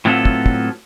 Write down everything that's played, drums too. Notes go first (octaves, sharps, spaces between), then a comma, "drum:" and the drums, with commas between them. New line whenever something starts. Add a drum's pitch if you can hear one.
A2 F#3 B3 C4 F4 A4
drum: kick
drum: kick